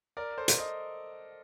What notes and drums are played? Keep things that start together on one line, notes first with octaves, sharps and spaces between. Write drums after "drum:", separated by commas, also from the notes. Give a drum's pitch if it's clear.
A#4 D5
A4 C5
drum: hi-hat
C5 D#5